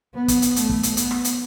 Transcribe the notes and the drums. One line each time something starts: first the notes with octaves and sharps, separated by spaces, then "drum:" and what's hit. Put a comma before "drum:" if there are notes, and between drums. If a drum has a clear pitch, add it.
B3
drum: kick, hi-hat
drum: hi-hat
A3, drum: hi-hat
drum: kick
drum: hi-hat
B3, drum: hi-hat
drum: rim click
drum: hi-hat